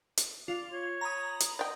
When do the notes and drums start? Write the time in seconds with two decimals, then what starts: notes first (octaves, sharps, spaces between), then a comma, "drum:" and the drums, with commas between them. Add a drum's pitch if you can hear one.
0.17 drum: hi-hat
0.48 F4 D5
0.72 C#5
1.01 A#5 B5 D#6
1.40 drum: hi-hat
1.59 D5 D#5 G5